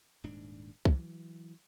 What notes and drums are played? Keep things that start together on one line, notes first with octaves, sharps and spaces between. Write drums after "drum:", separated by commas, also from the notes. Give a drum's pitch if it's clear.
D#1 G#2 D4
E3 F#3, drum: kick C2